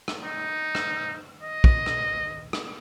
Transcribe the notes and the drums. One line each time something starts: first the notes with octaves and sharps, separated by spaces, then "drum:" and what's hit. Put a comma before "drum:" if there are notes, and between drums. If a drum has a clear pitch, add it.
drum: rim click
D#4
drum: rim click
D#5
drum: kick
drum: rim click
drum: rim click